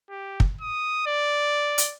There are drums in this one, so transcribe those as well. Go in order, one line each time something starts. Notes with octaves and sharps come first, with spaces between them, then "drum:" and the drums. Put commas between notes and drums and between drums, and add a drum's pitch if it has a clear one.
G4
drum: kick
D#6
D5
drum: hi-hat